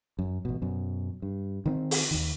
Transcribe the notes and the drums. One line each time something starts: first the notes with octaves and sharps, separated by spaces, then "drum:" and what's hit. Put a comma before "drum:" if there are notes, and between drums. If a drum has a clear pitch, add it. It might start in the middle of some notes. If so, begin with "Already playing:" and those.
F#2
A1 B2
F#2 B2
G2
D#3 A#3 C4
drum: open hi-hat
D#2 D#3